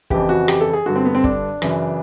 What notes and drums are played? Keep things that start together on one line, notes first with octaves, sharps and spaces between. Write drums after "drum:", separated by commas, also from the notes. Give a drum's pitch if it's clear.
F2 C#3 E3 G4, drum: kick
F#4
G4, drum: rim click
A4
G#4
G2 D3 F#4
C4
B3
C4
D4, drum: kick
F#2 C#3 E3, drum: rim click